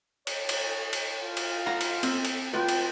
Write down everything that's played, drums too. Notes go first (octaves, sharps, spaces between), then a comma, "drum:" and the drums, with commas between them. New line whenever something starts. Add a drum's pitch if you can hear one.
C#5, drum: cymbal
drum: cymbal
drum: cymbal
F4
drum: cymbal
F5 F#5 A#5
drum: cymbal
C4, drum: cymbal
drum: cymbal
F4 B4 G5
drum: cymbal